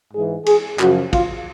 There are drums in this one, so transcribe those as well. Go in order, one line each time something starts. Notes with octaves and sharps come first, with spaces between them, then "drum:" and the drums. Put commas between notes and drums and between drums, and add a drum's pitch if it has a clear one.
G#2 E3 G#4
G#4, drum: cymbal
F#2 C#3 F3 F#4, drum: clap
F4, drum: kick, cymbal